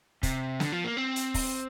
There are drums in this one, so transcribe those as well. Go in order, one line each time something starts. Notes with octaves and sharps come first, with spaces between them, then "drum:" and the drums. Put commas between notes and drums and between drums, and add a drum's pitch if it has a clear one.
C3, drum: kick, hi-hat
D3, drum: snare
F3
A#3
C4
drum: hi-hat
drum: kick, open hi-hat